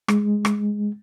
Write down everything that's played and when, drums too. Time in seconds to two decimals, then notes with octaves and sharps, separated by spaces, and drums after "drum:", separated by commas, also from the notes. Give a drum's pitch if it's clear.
0.08 G#3, drum: rim click
0.45 drum: rim click